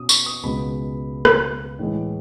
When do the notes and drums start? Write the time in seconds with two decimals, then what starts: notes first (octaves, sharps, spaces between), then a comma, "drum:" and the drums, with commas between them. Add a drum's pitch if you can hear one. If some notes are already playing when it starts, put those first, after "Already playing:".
Already playing: B2 C#4 D#6
0.09 C#6, drum: tambourine
0.26 D#6
0.43 C#2 B2 G#3 B3 B5
1.25 drum: rim click
1.79 A2 E3 G#3